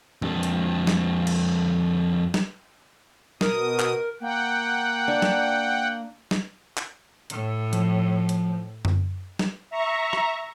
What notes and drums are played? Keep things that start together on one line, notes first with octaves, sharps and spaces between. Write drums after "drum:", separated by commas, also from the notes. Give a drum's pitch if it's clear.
F2 D4, drum: tom E3
drum: hi-hat
drum: snare
drum: cymbal
drum: snare
B2 A#4 D#6, drum: snare
drum: clap
A#3 F#5 G5
D4
drum: snare
drum: snare
drum: clap
A2, drum: hi-hat
F3, drum: hi-hat
drum: hi-hat
drum: tom F#2
drum: snare
E5 A#5 C#6
drum: rim click